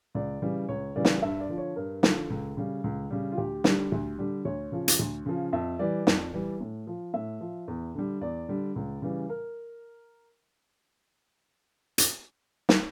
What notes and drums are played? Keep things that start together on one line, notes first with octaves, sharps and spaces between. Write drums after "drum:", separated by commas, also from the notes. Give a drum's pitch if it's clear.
C#2 D5
C#3 E3 G3
C#2 C#5
C#3 E3 G3 D5
drum: snare
G2 E5
D5
D3 F3
C#5
G2 A#4
D3 F3 A4, drum: snare
C#2
C#3 G3
C#2
C#3 G3
F4
D2 G4
D3 G3, drum: snare
D2
D3 G3
D2 C#5
C#3 F3
drum: hi-hat
D2
C#3 F3
F2 E5
E3 G3 D5
F2, drum: snare
E3 G3
A2
F3
A2 E5
F3
E2
D3 G3
E2 D5
D3 G3
C#2
C#3 E3 G3
A#4
drum: hi-hat
drum: snare